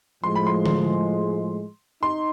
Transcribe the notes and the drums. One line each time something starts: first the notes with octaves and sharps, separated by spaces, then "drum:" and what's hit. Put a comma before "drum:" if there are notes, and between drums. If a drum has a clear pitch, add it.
A2 F3 G#3 C6
B5
C6
drum: tom D3
D#4 C6